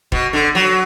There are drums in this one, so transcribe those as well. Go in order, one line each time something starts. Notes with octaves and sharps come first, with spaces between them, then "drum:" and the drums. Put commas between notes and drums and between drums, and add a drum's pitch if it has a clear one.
B2, drum: kick D#1
D3
F#3